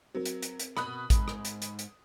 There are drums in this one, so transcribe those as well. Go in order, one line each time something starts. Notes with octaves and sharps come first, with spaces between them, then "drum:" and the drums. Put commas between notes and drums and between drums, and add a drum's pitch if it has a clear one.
F#3 C4 A#4
drum: hi-hat
drum: hi-hat
drum: hi-hat
B2 B5 D#6 F#6, drum: rim click
G#2, drum: kick A1, hi-hat
drum: rim click
drum: hi-hat
drum: hi-hat
drum: hi-hat